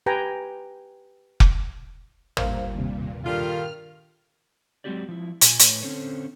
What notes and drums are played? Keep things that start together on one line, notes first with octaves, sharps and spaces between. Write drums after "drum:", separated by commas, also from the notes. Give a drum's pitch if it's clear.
G4 B4 G5 G#5 A#5
drum: kick F1
G2 A#2 A#4 C5 F5, drum: tom G#1
D#2 C3
D3 D#3 G3 F4 F6
F#3 G#3 C4 F#4 G4 D5
F3 E4
A#2 G#5, drum: hi-hat
A2 B4 C#5, drum: hi-hat
D3 C4 C#4 A4 C5 C#5